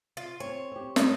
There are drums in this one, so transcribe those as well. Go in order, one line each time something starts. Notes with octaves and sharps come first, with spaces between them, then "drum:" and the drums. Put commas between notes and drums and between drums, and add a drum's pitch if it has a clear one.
F4
C4 C#5
C4 G4
A2 C#4, drum: snare